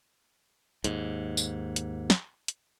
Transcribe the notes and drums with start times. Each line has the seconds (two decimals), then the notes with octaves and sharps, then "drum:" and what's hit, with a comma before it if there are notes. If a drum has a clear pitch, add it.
0.84 D#2 G#2, drum: hi-hat
1.37 drum: tambourine
1.76 drum: hi-hat
2.10 drum: snare
2.48 drum: hi-hat